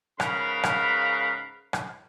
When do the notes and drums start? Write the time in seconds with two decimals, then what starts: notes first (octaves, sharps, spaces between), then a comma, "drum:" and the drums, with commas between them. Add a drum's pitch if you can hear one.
0.20 G#2 C#3 A#4 B4 F5 B5, drum: rim click
0.63 drum: rim click
1.73 drum: rim click